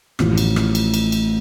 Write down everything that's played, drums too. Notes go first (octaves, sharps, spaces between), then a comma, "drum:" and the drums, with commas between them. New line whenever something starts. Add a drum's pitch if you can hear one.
A1 A2 F3, drum: rim click
drum: cymbal
drum: rim click
drum: cymbal
drum: cymbal
drum: cymbal